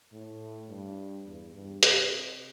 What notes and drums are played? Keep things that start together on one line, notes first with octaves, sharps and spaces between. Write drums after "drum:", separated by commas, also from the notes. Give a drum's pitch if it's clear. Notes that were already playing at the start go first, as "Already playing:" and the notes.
A2
G2
E2
G2
C3, drum: hi-hat